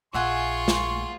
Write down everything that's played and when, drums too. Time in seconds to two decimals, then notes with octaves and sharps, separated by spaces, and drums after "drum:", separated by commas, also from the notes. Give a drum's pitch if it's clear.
0.14 A#1 F4 G#4 E5 F#5 G#5 C6 C#6
0.68 drum: snare